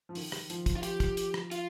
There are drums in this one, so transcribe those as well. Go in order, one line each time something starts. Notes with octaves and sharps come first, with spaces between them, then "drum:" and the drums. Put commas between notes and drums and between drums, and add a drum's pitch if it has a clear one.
F3
D#3, drum: open hi-hat
drum: rim click
F3, drum: hi-hat
drum: kick, hi-hat
F4
G4, drum: hi-hat
drum: kick, hi-hat
drum: hi-hat
drum: rim click
F4, drum: hi-hat